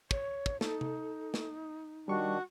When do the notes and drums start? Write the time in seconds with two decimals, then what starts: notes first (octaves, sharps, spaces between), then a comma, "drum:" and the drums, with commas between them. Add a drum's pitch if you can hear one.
0.11 C#5, drum: kick
0.46 drum: kick
0.61 D#4 A4, drum: snare
0.81 drum: tom C3
1.34 drum: snare
2.08 D#3 G3 D4 F#4 C#6